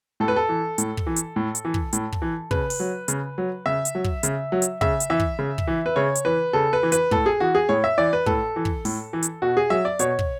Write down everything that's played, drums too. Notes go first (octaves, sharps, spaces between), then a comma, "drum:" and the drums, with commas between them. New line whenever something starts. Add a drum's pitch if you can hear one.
A2 A4
B4
A4
E3
A2, drum: hi-hat
drum: kick
E3
drum: hi-hat
A2
drum: hi-hat
E3
drum: kick
A2, drum: hi-hat
drum: kick
E3
C#3 B4, drum: kick
drum: open hi-hat
F#3
C#3, drum: hi-hat
F#3
C#3 E5
drum: hi-hat
F#3
drum: kick
C#3, drum: hi-hat
F#3
drum: hi-hat
C#3 E5, drum: kick
drum: hi-hat
E3 E5
drum: kick
C#3
drum: kick
E3
B4
C#3 C#5
drum: hi-hat
E3 B4
C#3 A4
B4
E3
B4, drum: hi-hat
A2 A4, drum: kick
G#4
E3 F#4
G#4
A2 C#5
E5
E3 D5
B4
A2 A4, drum: kick
E3
drum: kick
A2, drum: open hi-hat
E3
drum: hi-hat
B2 F#4
G#4
F#3 E5
D5
B2 C#5, drum: hi-hat
drum: kick